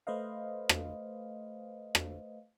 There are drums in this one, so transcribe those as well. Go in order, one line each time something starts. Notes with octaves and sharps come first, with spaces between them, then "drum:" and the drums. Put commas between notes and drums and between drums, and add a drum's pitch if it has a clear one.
A3 B4 C5 D#5 F5
drum: rim click
drum: rim click